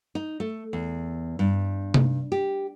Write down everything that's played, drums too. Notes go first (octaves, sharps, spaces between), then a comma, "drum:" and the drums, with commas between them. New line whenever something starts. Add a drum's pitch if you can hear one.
D#4
A3
E2
G2
drum: tom C3
G4